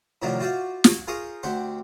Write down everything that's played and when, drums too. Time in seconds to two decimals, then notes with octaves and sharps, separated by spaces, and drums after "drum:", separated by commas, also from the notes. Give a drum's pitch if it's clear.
0.22 A2 C3 D#3 F3 F#3 D4
0.40 F4 F#4 C5 D5 E5 F5
0.84 drum: snare
1.07 F4 G#4 A#4 C5 C#6 D#6
1.43 D2 C4 G4 F#5 C6